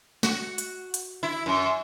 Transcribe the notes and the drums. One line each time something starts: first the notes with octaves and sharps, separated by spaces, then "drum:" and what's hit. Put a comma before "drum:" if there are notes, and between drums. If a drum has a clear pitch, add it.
F#4, drum: snare
drum: hi-hat
drum: hi-hat
E4
F#2